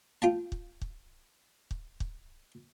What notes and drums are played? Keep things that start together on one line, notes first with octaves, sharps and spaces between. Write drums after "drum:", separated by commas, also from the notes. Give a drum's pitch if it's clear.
F4 G5 A5
drum: kick
drum: kick
drum: kick
drum: kick